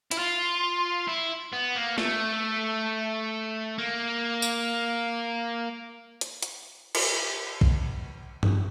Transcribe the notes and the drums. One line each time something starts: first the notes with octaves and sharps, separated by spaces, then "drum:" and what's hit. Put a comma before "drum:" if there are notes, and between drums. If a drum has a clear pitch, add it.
E4, drum: hi-hat
F4
E4
B3
A#3
A3, drum: snare
A#3
drum: tambourine
drum: hi-hat
drum: hi-hat
drum: cymbal
drum: kick
drum: tom G2